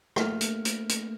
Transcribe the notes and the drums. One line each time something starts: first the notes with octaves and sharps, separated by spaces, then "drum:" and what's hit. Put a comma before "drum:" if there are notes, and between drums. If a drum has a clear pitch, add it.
A3 A#3 F6, drum: rim click
drum: hi-hat
drum: hi-hat
drum: hi-hat